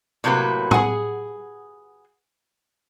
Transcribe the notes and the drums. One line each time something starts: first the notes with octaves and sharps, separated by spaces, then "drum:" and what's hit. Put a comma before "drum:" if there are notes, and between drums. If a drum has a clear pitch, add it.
A2 C3 F#3 A#3 B4
G#4 F#5 G#5, drum: tom A2